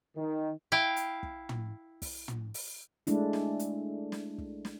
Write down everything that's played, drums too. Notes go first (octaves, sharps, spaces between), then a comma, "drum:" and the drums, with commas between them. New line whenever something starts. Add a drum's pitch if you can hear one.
D#3
E4 F5 G5
drum: hi-hat
drum: kick
drum: tom
drum: kick, open hi-hat
drum: tom
drum: open hi-hat
G#3 A3 D4 E4, drum: hi-hat
drum: snare
drum: hi-hat
drum: snare
drum: kick
drum: snare